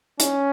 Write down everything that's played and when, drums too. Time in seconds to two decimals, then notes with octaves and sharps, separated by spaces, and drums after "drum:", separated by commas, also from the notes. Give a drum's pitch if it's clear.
0.20 C#4, drum: hi-hat